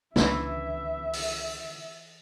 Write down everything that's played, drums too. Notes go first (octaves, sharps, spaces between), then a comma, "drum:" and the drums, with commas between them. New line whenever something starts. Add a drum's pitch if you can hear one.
C#2 D3 E3 E4 E5, drum: snare
drum: open hi-hat